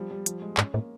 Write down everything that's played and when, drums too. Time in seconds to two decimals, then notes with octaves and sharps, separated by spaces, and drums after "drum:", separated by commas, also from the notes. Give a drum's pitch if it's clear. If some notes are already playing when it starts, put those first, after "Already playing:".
Already playing: F3 G3
0.11 G3
0.26 F3, drum: hi-hat
0.42 G#3
0.57 G#2 C#4, drum: clap
0.74 A2 A#3